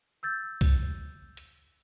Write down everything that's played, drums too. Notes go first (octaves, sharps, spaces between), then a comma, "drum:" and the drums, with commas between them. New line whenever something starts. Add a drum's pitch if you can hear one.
E6 G6 A6
drum: kick C2, open hi-hat
drum: hi-hat